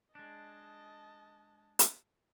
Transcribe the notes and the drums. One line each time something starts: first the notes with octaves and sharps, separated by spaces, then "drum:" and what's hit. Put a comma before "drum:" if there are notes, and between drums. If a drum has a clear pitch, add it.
G#3 D4 D#5 A5
drum: hi-hat